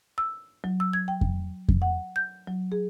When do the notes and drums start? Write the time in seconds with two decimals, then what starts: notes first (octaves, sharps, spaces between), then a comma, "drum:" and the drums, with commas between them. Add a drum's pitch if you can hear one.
0.18 E6
0.64 F#3
0.80 E6
0.93 G#6
1.08 G5
1.21 drum: kick F2
1.69 drum: kick F2
1.82 F#5
2.16 G6
2.47 F#3
2.72 G#4